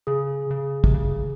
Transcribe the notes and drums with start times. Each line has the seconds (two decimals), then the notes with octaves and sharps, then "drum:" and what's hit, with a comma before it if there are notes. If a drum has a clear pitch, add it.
0.07 C#3 G#4
0.51 C#3
0.84 C3, drum: kick
0.94 C#3